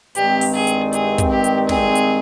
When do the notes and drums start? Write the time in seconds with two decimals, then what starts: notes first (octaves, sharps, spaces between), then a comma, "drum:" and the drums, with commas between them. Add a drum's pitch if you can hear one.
0.15 G2 D#3 G#3 C4 G4, drum: hi-hat
0.41 drum: open hi-hat
0.54 G#4
0.67 drum: hi-hat
0.93 G#4, drum: hi-hat
1.18 drum: kick, hi-hat
1.31 G4
1.44 drum: hi-hat
1.69 G#4, drum: snare
1.95 drum: hi-hat